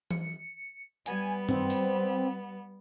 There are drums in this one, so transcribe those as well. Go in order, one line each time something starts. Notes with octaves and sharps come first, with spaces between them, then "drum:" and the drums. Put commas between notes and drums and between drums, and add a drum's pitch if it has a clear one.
C#7, drum: tom E3
G3 B3 G#5, drum: hi-hat
C4, drum: tom G2
drum: open hi-hat